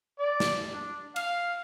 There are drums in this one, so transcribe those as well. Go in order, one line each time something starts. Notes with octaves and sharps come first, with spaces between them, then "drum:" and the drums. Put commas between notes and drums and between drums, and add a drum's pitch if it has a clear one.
D5
drum: snare
D4
F5, drum: cymbal